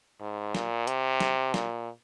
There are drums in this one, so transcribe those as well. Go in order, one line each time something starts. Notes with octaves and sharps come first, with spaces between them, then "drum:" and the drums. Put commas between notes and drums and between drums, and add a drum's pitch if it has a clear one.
G#2
A#2, drum: snare
C3, drum: hi-hat
drum: snare
A#2, drum: snare